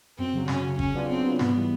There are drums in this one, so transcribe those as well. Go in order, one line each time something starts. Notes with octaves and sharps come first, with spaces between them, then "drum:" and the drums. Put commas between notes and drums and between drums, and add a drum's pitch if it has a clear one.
F#2 C4
C#3 F#3
F#2 C#4, drum: snare
C#3 F#3
C#3 C#4, drum: kick G1
F#3 B3 D4 F4
C#3 C4
F#3 B3 D4 F4
G#2 B3, drum: snare
E3 G3